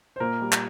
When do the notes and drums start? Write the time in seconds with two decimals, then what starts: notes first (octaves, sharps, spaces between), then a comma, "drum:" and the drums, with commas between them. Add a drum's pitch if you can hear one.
0.16 C5
0.20 A#2 A#3 A#4
0.42 G3
0.52 drum: clap